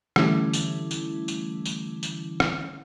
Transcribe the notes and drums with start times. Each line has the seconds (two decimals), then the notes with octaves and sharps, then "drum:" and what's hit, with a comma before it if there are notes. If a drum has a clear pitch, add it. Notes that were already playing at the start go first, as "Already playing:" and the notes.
0.16 D3 E3 G3 A3 C#4 E4, drum: rim click
0.53 drum: tambourine
0.91 drum: tambourine
1.28 drum: tambourine
1.65 drum: tambourine
2.03 drum: tambourine
2.40 drum: rim click